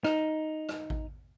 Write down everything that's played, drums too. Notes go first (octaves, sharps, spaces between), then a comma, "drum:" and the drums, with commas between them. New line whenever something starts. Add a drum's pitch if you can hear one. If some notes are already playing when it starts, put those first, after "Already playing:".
D#4, drum: rim click
drum: rim click
drum: kick A1